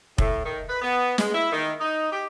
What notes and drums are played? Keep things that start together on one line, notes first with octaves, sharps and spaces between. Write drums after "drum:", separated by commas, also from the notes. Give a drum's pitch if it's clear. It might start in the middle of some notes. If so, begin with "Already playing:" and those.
A2, drum: kick F1
D#3
B4
B3
G#3, drum: snare
E4
D#3
D#4
G4